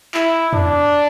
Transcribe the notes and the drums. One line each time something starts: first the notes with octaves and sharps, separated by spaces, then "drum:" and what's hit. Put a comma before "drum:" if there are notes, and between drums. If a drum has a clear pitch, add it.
E4, drum: clap
D4, drum: tom